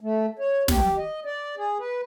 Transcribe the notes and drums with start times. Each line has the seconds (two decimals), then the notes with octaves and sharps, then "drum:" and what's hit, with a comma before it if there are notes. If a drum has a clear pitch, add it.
0.01 A3
0.39 C#5
0.68 G4, drum: snare
0.97 D#5
1.25 D5
1.57 G#4
1.79 B4